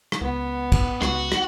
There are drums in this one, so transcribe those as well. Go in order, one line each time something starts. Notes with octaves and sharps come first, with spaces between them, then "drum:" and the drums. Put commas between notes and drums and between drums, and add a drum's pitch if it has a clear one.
drum: rim click
C#2 B3
drum: kick, cymbal
C#2 F#4, drum: rim click
drum: rim click